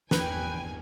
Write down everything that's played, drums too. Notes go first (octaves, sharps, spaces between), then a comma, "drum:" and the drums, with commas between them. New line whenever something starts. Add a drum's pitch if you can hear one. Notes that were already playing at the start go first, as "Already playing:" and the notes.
E2 G2 B4 G5 G#5, drum: snare